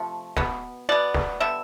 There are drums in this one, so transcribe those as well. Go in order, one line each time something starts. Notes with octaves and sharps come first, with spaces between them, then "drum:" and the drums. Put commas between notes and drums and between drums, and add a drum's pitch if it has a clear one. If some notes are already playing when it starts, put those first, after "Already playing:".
Already playing: C3 F3 A3
B2 B3, drum: snare
B2 B3 D5
drum: snare
D3 G3 B3 E5